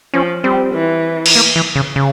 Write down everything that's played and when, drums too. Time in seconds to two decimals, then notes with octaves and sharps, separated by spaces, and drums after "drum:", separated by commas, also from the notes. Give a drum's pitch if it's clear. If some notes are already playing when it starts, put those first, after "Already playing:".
0.14 F3 C#4
0.44 G3 C4
0.75 E3
1.26 drum: cymbal
1.35 A#3
1.56 E3
1.75 C#3
1.96 C#3